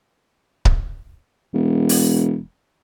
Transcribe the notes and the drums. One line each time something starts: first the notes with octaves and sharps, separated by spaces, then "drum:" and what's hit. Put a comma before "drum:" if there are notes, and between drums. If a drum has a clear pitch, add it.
drum: kick C#1
E1
drum: open hi-hat